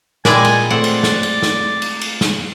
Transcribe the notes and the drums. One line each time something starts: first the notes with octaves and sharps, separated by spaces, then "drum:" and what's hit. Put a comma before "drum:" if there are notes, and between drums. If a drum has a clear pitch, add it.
A#2 G#3 E4 A#4 B4 D5 G5 G#5, drum: snare
drum: cymbal
A3 C4 D5 F#5
drum: cymbal
drum: snare
drum: cymbal
drum: snare
drum: cymbal
drum: cymbal
drum: snare